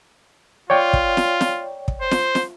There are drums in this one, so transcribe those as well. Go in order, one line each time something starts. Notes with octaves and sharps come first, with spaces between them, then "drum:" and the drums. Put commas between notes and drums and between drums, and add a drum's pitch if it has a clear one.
F4 C#5 D5 G5
drum: kick
drum: snare
drum: snare
drum: kick
C5
drum: snare
drum: snare